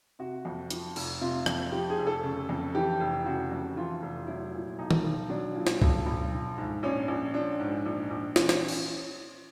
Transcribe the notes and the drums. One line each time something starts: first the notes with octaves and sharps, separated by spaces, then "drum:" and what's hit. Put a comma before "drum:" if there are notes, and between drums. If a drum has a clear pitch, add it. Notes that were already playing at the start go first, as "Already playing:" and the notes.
C3 F#4
F2
F3, drum: hi-hat
F1, drum: cymbal
C3 F4
F2, drum: rim click
F3 G4
G#4
F1
A4
C#3
F2
E3 G4
F1
C#3 F#4
F2
E3 F4
F1
F#3 E4
A#2
B1 D#4
drum: tom D#3
B1
F#3 D4
A#2
drum: snare
B1, drum: kick C#2
B1
F3
G#2
A#1 C#4
A#1
F3 D4
G#2
A#1
A#1
E3 C#4, drum: snare
drum: snare
drum: cymbal